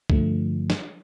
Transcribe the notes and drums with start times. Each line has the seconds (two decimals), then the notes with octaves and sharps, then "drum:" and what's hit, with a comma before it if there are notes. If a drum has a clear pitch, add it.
0.10 G2 D3 F3 A3, drum: kick C2
0.70 drum: snare